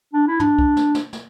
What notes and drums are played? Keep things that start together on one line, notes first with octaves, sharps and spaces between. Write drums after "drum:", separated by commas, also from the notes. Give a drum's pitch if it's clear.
D4
E4
D4, drum: tom
drum: kick
drum: snare
drum: snare
drum: snare